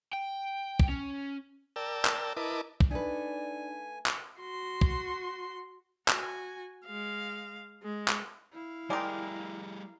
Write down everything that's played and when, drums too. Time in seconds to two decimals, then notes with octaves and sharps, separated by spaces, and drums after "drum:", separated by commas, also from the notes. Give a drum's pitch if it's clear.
0.13 G5
0.80 drum: kick
0.89 C#4
1.76 A#4 D5 G5 A5 E6
2.05 drum: clap
2.37 E4 A#4 B4 D#5 A5 D6
2.80 drum: kick
2.91 A3 D4 D#4 B4 D5 G#5
4.06 drum: clap
4.39 F#4 C6
4.81 drum: kick
6.08 F#4 G#5, drum: clap
6.86 G#3 F5
7.83 G#3
8.08 drum: clap
8.52 E4 F5
8.90 G3 G#3 G4 G#4 A#4 D5 G5